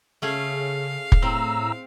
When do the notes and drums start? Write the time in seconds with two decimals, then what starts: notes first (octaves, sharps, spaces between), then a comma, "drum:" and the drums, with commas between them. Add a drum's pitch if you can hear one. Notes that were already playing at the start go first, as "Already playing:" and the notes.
0.22 C#3 A3 C#4 G#4 F5
1.12 drum: kick
1.22 A2 C4 A#5 E6